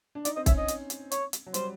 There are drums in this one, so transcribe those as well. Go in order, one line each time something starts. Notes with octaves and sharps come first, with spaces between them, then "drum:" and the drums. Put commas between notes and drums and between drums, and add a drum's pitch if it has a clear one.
D4
D#4 D5, drum: hi-hat
C4 D#5
C#4 E5, drum: kick, hi-hat
D#5
drum: hi-hat
drum: hi-hat
C#5, drum: hi-hat
drum: hi-hat
F#3
G3 C5, drum: hi-hat